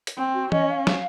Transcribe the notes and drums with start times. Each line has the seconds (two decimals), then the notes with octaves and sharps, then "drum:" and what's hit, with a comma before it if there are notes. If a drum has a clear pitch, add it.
0.07 drum: hi-hat
0.17 C4
0.34 F#4
0.52 C#4 D#5, drum: tom E3
0.69 F5
0.87 F5, drum: snare